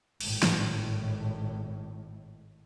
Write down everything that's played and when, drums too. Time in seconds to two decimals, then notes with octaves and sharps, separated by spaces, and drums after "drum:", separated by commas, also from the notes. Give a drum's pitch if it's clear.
0.21 G#1 A2, drum: cymbal
0.43 drum: snare